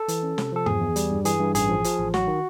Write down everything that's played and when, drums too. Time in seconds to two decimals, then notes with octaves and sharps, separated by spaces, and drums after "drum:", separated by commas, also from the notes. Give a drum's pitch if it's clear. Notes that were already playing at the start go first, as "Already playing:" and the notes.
Already playing: A4
0.08 E3, drum: hi-hat
0.23 C#4
0.38 C3, drum: snare
0.52 F3 A4
0.66 E2 G#4, drum: tom G2
0.81 E2
0.96 G3, drum: hi-hat
1.11 G2
1.25 E3 G#4, drum: hi-hat
1.40 G2
1.55 A1 G#4, drum: hi-hat
1.69 F3
1.84 F3, drum: hi-hat
1.99 A1
2.14 F#3 F#4, drum: snare
2.27 D#3